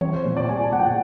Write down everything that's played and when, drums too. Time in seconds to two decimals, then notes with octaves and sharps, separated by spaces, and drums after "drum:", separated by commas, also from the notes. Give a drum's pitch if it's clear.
0.01 C4 C#5, drum: tom D#3
0.13 C5
0.24 A#2 C#5
0.37 D5
0.48 G3 G#5
0.64 A5
0.72 A#2 F#5
0.79 G5